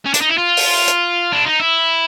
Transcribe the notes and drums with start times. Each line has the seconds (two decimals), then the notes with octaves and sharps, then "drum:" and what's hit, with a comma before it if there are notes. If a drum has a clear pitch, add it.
0.06 C#4
0.14 D4, drum: hi-hat
0.21 D#4
0.30 E4
0.38 F4
0.57 drum: open hi-hat
0.88 drum: hi-hat
1.33 D4
1.46 D#4
1.60 E4